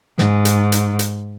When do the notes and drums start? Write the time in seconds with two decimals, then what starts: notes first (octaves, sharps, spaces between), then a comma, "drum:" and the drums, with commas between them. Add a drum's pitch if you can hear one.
0.18 G#2, drum: snare
0.45 drum: hi-hat
0.72 drum: hi-hat
0.99 drum: hi-hat